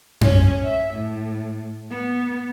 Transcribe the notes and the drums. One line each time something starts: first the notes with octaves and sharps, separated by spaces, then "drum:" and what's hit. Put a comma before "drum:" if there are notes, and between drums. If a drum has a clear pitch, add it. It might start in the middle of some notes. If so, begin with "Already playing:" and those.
C#4, drum: tom F#2
E5
A2
B3